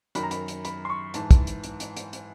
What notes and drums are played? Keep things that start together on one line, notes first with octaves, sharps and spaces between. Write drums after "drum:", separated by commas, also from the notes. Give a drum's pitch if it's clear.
F#2 D#3 B5, drum: hi-hat
A#5
B5, drum: hi-hat
drum: hi-hat
B5, drum: hi-hat
C6
C#6
G#2 E3 A5, drum: hi-hat
drum: kick, hi-hat
drum: hi-hat
drum: hi-hat
drum: hi-hat
drum: hi-hat
drum: hi-hat